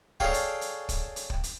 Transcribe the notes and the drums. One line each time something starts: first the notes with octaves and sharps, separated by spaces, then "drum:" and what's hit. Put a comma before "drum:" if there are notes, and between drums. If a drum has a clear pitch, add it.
G#4 A4 C#5 D5 F5 G5, drum: kick
drum: hi-hat
drum: hi-hat
drum: kick, hi-hat
drum: hi-hat
drum: kick
drum: hi-hat